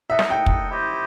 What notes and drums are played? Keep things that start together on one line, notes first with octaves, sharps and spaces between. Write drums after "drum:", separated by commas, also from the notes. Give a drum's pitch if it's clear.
D#4 A4 D#5 E5 F#5
drum: snare
G5
drum: kick
E4 G4 C5 D#5